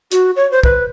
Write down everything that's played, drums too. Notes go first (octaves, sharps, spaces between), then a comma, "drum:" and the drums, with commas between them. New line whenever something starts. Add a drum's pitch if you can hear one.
F#4, drum: hi-hat
C#5
C5
B4, drum: kick